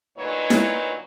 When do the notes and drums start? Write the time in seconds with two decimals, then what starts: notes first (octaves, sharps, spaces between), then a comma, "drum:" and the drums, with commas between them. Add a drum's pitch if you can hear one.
0.18 D2 A#2 F#3 D#4 B4 C#5
0.50 drum: snare E4